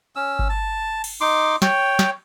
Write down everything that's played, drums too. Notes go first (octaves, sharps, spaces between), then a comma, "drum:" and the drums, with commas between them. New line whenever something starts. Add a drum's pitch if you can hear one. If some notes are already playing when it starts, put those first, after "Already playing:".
C#4 E6
drum: kick G1
A5
drum: cymbal
D#4 C6 D6
C#5 G5, drum: snare
drum: snare